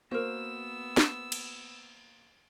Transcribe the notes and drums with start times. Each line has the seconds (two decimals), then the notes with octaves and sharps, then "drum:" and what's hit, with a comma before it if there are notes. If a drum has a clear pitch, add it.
0.11 A#3 B3 F#4 A#4 C5 E6
0.97 drum: snare
1.32 drum: cymbal